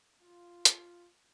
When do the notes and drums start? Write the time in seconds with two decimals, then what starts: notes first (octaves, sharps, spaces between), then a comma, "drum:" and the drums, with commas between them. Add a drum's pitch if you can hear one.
0.22 F4
0.65 drum: hi-hat